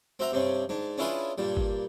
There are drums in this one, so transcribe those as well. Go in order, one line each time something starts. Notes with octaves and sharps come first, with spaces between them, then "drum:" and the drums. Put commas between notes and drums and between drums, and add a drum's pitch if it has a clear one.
C4 F#4 E5 A#5
G2 C3 C4 C#4
G#2 D4
C#4 D4 E4 F4 G#4 B4
G2 A#2 G3
drum: kick